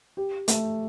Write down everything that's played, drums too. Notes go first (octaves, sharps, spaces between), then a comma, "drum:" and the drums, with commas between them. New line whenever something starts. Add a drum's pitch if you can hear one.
G4
A3, drum: hi-hat